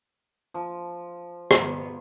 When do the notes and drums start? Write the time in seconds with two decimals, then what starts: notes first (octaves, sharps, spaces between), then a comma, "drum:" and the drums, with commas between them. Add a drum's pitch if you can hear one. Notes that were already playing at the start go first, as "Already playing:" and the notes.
0.54 F3
1.51 B3, drum: rim click